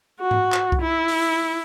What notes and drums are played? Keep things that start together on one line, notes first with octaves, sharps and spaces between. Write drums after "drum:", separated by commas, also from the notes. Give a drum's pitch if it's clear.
F#4
drum: tom G#2
drum: clap
drum: kick C2
E4
drum: open hi-hat